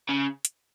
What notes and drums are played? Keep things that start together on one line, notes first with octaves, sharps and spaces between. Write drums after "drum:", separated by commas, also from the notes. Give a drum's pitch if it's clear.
C#3
drum: hi-hat